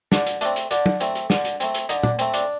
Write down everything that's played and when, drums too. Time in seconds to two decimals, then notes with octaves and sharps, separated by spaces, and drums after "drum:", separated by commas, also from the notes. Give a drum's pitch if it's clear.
0.12 D3 D4, drum: snare
0.27 drum: hi-hat
0.41 A3 C4 D4, drum: hi-hat
0.56 drum: hi-hat
0.71 D3 D4, drum: hi-hat
0.86 drum: tom
1.00 A3 C4, drum: hi-hat
1.15 drum: hi-hat
1.30 D3, drum: snare
1.45 drum: hi-hat
1.60 A3 C4, drum: hi-hat
1.74 drum: hi-hat
1.89 D3 D#4, drum: hi-hat
2.03 D4, drum: tom
2.19 A3 C4, drum: hi-hat
2.34 D4, drum: hi-hat